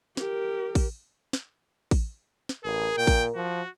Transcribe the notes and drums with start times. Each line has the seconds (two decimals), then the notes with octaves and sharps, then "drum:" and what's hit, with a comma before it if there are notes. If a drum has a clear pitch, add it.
0.17 G4 A#4, drum: snare
0.75 drum: kick A1, open hi-hat
1.33 drum: snare
1.91 drum: kick A1, open hi-hat
2.49 drum: snare
2.64 A1 G#4 A#4
2.98 A#2 G5
3.07 drum: kick A1, open hi-hat
3.35 F3 F#4